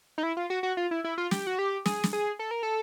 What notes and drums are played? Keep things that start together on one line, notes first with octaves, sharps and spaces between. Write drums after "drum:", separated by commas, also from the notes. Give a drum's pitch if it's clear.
D#4
E4
F4
F#4
F#4
F4
E4
E4
F4
G4, drum: snare
F#4
G4
G#4, drum: snare
drum: snare
G#4
A4
A#4
A4